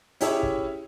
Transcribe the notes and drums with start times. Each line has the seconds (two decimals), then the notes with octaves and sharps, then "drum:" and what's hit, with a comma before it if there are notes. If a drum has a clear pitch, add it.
0.21 C#4 E4 G4 G#4 C#5 E5, drum: hi-hat
0.43 drum: kick